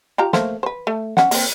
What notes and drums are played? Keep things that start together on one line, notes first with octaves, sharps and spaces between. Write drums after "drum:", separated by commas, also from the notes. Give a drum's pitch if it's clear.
F4 G4 A#5
A3 A#3 C5, drum: snare
B4 C5
A3
C#4 F#5, drum: snare
A#3 C4, drum: open hi-hat